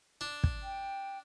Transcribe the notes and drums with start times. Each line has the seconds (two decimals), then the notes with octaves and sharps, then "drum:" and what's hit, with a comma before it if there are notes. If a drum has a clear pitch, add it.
0.21 D4
0.44 drum: kick
0.63 G5